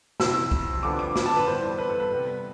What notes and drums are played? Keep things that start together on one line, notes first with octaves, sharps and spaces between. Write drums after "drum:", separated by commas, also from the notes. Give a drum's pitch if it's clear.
F2 C3 E3 E6, drum: snare
drum: kick C2
F2 D3 F3 B3 D6
D6
D6, drum: snare
A5
B4
G2 E3 G3 B3 C5
B4
A4
B4
C3 G3 B3